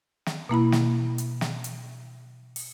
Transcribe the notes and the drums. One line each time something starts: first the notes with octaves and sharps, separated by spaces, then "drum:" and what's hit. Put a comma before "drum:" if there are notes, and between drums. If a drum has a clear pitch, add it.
drum: snare
B2 A#3 E4 B5
drum: snare
drum: hi-hat
drum: snare
drum: hi-hat
drum: open hi-hat